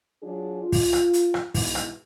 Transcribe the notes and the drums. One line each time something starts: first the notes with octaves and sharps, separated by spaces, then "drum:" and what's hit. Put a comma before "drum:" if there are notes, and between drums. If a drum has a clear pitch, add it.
F#3 D4 F4 G#4
F4
drum: kick, open hi-hat
drum: rim click
drum: hi-hat
drum: rim click
G#2 B2 E3 E4, drum: kick, open hi-hat
drum: rim click